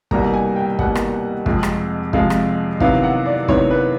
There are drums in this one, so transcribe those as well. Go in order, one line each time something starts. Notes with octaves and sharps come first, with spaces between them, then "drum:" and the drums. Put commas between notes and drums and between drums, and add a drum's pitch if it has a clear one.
C2 B2 G3 A#3 A#5, drum: kick
G#5
G5
C2 B2 G3 A#3 F#5, drum: kick
drum: rim click
F2 C3 F3 G#3, drum: kick
drum: rim click
F2 C3 F3 G#3 F5, drum: kick
drum: rim click
C3 D#3 F#3 B3 E4 F5, drum: kick
F#5
D5
C3 D#3 F#3 B3 E4 C#5, drum: kick
B4